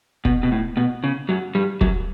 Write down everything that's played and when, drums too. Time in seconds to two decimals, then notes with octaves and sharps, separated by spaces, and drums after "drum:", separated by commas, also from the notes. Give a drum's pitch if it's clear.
0.25 B2, drum: kick
0.43 B2
0.52 A2
0.77 B2
1.04 C#3
1.29 F#2 F#3
1.55 G2 G3
1.81 F#2 F#3, drum: kick